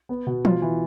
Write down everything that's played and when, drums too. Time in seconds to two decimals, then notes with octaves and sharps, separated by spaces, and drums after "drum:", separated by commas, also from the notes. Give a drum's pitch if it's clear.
0.09 B3
0.27 B2
0.45 F4, drum: tom E3
0.62 E3